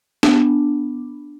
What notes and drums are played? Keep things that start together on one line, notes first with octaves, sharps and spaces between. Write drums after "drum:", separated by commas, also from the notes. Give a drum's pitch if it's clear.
B3 D4, drum: snare